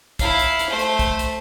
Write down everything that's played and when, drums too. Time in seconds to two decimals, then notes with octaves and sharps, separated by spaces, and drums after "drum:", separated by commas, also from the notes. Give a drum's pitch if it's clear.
0.19 E4 F5, drum: kick, hi-hat
0.39 drum: hi-hat
0.59 drum: hi-hat
0.70 A3 C5
0.79 drum: hi-hat
0.99 drum: kick, hi-hat
1.19 drum: hi-hat